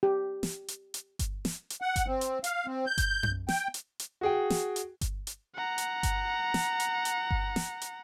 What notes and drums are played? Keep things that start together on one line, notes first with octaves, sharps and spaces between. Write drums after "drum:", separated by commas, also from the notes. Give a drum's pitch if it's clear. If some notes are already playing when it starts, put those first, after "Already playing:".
G4
drum: snare
drum: hi-hat
drum: hi-hat
drum: kick G1, hi-hat
drum: snare
drum: hi-hat
F#5
drum: kick G1, hi-hat
C4
drum: hi-hat
F5, drum: hi-hat
C4
G6
drum: kick G1, hi-hat
drum: tom F#2
G5, drum: snare
drum: hi-hat
drum: hi-hat
F#4 G#4 G5
drum: snare
drum: hi-hat
drum: kick G1, hi-hat
drum: hi-hat
F#5 A#5
drum: hi-hat
drum: kick G1, hi-hat
drum: snare
drum: hi-hat
drum: hi-hat
drum: kick G1
drum: snare
drum: hi-hat